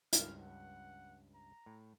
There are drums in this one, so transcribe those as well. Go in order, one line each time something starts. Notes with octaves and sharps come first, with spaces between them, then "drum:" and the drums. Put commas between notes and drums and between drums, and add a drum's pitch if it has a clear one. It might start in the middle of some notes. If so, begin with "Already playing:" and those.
C#2 G2 F6, drum: hi-hat
F#5
A#5
A2